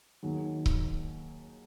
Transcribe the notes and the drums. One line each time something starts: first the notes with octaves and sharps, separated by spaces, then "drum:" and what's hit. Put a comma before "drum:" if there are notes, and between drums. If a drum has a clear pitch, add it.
D#2 D#3 F#3 G#4
drum: kick C#1